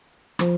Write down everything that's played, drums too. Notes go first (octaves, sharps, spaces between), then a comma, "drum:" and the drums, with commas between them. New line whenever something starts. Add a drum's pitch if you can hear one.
F3, drum: rim click